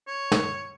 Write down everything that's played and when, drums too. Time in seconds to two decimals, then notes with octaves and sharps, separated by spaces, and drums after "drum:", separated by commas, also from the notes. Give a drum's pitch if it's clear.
0.07 C#5
0.32 drum: snare